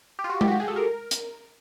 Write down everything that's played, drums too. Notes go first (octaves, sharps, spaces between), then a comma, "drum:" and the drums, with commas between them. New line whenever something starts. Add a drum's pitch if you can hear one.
G4
F4
F#4
G4, drum: tom G#3
F#4
G4
G#4
A4
A#4
drum: hi-hat